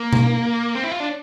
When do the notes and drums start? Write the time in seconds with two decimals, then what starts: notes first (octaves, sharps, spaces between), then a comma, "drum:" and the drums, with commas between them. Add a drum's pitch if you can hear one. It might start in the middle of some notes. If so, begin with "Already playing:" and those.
Already playing: A#3
0.13 drum: tom B2
0.75 C4
0.84 E4
0.91 F4
1.00 D4